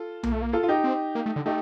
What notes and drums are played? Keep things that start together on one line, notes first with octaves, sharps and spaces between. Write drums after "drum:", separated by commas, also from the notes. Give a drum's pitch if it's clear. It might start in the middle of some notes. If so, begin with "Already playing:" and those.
Already playing: F4 A4
A#3, drum: tom B1
A3
A#3
F4 A4
F4
D#4 G4
C4
A#3
A3
D3
A3 D#4 G4